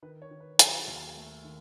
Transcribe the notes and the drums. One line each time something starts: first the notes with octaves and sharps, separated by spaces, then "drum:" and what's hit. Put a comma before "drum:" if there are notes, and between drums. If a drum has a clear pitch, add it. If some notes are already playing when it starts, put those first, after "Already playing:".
D#3 B4
C#5
D#3
B4
F#3 G#4, drum: hi-hat
D#2
A3
D#3